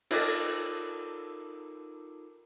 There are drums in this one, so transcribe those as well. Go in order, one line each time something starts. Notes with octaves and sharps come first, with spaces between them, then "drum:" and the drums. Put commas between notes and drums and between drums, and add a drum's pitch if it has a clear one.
D#4 F4 A4 A#4 D6, drum: cymbal